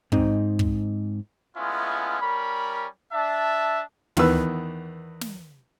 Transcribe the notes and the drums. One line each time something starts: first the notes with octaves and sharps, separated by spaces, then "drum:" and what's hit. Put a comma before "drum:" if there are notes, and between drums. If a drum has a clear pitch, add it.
G#2 C4 D#4 D#5, drum: kick
drum: kick
G#3 A3 B3 C#4 E4 F4
G3 C#4 A#4 B5
D4 E5 A5
E2 D#3 E3 B3 B4 E6, drum: tom
drum: snare